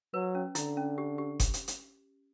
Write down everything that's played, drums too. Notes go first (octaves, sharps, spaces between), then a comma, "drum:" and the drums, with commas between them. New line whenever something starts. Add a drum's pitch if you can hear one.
F#3 B4
C#4
D3 E4, drum: hi-hat
C#4
G4
G4
drum: kick F#1, hi-hat
drum: hi-hat
drum: hi-hat